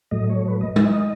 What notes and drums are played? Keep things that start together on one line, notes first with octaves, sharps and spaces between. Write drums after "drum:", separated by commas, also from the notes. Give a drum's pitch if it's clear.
A2 F#3 A3 D#5
C#5
B4
D#5
E5, drum: tom G#3
D#5